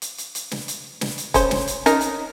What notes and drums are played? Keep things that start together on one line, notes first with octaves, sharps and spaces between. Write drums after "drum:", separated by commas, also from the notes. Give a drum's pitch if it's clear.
drum: hi-hat
drum: hi-hat
drum: hi-hat
drum: snare
drum: hi-hat
drum: snare
drum: hi-hat
C#4 C5, drum: kick, hi-hat
drum: snare
drum: hi-hat
C#4 D#4 A#4, drum: hi-hat
drum: hi-hat